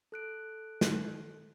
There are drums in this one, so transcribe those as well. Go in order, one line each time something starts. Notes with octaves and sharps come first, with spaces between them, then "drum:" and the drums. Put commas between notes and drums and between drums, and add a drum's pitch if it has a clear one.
A4 F#6 D7
drum: snare